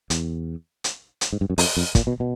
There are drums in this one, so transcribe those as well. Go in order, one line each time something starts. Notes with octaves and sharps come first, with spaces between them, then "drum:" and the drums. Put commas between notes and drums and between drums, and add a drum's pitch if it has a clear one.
E2, drum: hi-hat
drum: hi-hat
drum: hi-hat
G#2
G2
F#2
F2, drum: open hi-hat
F2
A#2, drum: kick, hi-hat
B2
B2